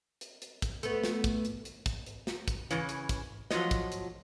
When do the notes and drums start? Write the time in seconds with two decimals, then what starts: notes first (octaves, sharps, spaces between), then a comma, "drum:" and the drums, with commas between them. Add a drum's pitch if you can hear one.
0.21 drum: hi-hat
0.42 drum: hi-hat
0.62 drum: kick, hi-hat
0.83 A3 B3, drum: hi-hat
1.04 drum: snare
1.24 drum: kick, hi-hat
1.45 drum: hi-hat
1.65 drum: hi-hat
1.86 drum: kick, hi-hat
2.06 drum: hi-hat
2.27 drum: snare
2.48 drum: kick, hi-hat
2.71 C#3 E3 C#4, drum: hi-hat
2.89 drum: hi-hat
3.09 drum: kick, hi-hat
3.51 F3 F#3 A3 F4 C#5 D#5, drum: snare
3.71 drum: kick, hi-hat
3.92 drum: hi-hat